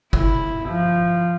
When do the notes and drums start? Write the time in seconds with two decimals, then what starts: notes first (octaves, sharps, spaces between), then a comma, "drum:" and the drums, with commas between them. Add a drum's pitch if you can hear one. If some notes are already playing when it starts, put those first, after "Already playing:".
0.13 E4, drum: kick F#1
0.69 F3